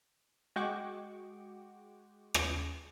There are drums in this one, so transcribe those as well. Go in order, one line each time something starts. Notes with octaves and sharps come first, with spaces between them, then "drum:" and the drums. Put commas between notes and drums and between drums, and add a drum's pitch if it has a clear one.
G#3 F#4 G5 C#6 D6
drum: rim click